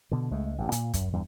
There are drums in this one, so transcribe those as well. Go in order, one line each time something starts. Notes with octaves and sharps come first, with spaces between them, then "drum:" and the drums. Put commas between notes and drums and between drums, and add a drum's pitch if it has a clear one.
B2 D3
C#2 G#3 A3
A1 G2
A#2, drum: hi-hat
F#2, drum: kick, hi-hat
E2 G2 G3